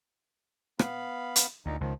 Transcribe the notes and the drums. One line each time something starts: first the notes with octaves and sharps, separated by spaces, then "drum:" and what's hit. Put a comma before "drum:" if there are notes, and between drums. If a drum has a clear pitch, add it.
B3 F5 B5, drum: rim click
drum: hi-hat
D2 A#2 D#4
C#2 D#3 F3